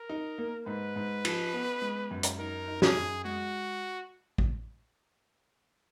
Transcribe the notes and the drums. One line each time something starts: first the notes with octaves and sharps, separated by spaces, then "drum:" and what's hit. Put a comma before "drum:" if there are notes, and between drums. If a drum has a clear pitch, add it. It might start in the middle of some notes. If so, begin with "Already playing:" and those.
Already playing: A#4
D#4
A#3
G#2 B4
G#2
F3, drum: cymbal
B3
G#3
F#2
drum: hi-hat
D#4 A#4
D#4
G#4, drum: snare
F#2
G#3 F#4
drum: kick